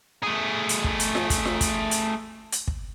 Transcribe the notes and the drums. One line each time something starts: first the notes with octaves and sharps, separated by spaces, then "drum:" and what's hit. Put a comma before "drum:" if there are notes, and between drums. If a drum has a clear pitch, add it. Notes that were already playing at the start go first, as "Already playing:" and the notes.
A3 G#4
drum: hi-hat
drum: kick
drum: hi-hat
drum: snare F4
drum: kick, hi-hat
drum: snare F4
drum: kick, hi-hat
drum: hi-hat
drum: hi-hat
drum: kick